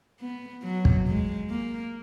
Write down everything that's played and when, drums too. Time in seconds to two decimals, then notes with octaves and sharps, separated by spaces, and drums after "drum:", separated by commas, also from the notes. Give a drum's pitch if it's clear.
0.20 B3
0.63 F#3
0.85 drum: kick
1.07 G#3
1.50 A#3